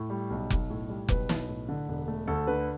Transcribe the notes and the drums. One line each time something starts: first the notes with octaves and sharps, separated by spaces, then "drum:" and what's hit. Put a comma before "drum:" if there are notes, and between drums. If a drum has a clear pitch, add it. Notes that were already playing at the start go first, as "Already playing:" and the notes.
Already playing: A2
G3
B1
B1, drum: kick F1
A2
G3
B1 B4, drum: kick F1
B1, drum: snare
A2
D3
E1
A3
D2 A4
D3 B4